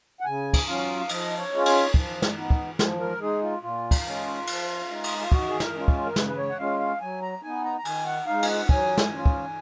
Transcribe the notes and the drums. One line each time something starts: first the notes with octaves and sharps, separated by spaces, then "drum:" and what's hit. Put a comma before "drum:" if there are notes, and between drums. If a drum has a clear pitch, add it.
F#5
C#3 G#5
drum: kick, cymbal
F#3 C#4 F4 F5
F5
F3 D#5, drum: cymbal
C#5
G#3 C#4 F4
C#5, drum: cymbal
F3, drum: kick
drum: snare
B3 D#4
drum: kick
F3, drum: snare
A#4
G#3 D#4 G#4
F4
A#2 F4
drum: kick, cymbal
G#3 C#4
F3, drum: cymbal
G#3 D#4
drum: cymbal
F4
D#3 F#4, drum: kick
G#4
A#4, drum: snare
G#3 C#4 F4
drum: kick
A#4
C#3 B4, drum: snare
B4
C#5
F#5
G#3 C#4 F4 F5
F5
F#3 G#5
A#5
B3 D#4 G#5
A#5
A#5
D#3 G#5, drum: cymbal
F#5
G#3 D#4 F5
G#5, drum: cymbal
F#5
F#3 G#5, drum: kick
drum: snare
C#4 F4
drum: kick